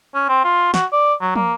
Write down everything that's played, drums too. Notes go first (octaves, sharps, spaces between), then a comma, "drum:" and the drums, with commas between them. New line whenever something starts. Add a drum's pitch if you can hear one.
C#4
C4
F4
F#4, drum: snare
D5
F#3
A#3, drum: tom